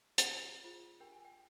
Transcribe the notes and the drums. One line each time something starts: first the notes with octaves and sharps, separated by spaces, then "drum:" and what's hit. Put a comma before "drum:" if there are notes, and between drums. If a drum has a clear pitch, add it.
G#5, drum: hi-hat
F4 G#4 C5 G5
F4 G#4 C5
D4 G4 A#4 G5
G#5
G5